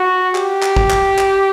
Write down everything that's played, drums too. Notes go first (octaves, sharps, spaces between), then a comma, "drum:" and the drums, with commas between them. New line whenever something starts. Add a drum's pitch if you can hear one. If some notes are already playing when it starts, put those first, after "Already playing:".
Already playing: F#4
G4, drum: clap
drum: clap
drum: kick
drum: clap
drum: clap